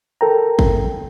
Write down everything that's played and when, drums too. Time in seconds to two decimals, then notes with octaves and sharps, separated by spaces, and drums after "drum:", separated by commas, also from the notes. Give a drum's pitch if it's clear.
0.21 A4 A#4 G5 A#5
0.59 drum: kick